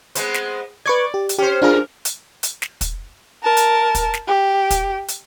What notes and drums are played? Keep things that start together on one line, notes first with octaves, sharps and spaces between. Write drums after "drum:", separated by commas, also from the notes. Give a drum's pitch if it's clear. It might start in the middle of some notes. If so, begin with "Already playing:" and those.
G#3 B3 C4, drum: hi-hat
drum: snare
B4 D5 C#6 G#6
G4
drum: hi-hat
C#4 G4 C5
F#2 D4 F4 G#4 A#4
drum: hi-hat
drum: hi-hat
drum: snare
drum: kick, hi-hat
A#4 A5
drum: hi-hat
drum: kick, hi-hat
drum: snare
G4
drum: kick, hi-hat
drum: hi-hat